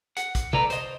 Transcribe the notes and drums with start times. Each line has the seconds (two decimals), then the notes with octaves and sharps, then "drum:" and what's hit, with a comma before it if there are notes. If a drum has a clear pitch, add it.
0.17 F#5, drum: hi-hat
0.35 drum: kick, hi-hat
0.53 A4 B4 D5 A#5, drum: tom
0.70 C5 D#5, drum: hi-hat